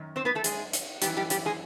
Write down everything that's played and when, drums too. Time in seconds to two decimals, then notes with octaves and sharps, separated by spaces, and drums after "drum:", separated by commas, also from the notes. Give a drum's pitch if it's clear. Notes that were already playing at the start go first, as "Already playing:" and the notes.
Already playing: F#2 D#3
0.16 C4 C5
0.25 B3 B4
0.35 A3 A4
0.44 G#3 G#4, drum: hi-hat
0.73 drum: hi-hat
1.02 F#2 C#3 E3 G3 G4, drum: hi-hat
1.17 G3 G4
1.30 G3 G4, drum: hi-hat
1.45 G#3 G#4